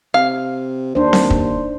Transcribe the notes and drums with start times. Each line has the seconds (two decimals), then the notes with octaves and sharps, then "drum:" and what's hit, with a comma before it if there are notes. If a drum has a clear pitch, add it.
0.14 C3 F5
0.95 D#2 D4 C5
1.13 drum: snare C4
1.30 drum: kick